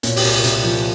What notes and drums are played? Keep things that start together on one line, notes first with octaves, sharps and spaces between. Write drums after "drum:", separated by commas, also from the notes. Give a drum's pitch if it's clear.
A#2 C#5, drum: hi-hat
G4, drum: open hi-hat
C2
C2, drum: hi-hat
F3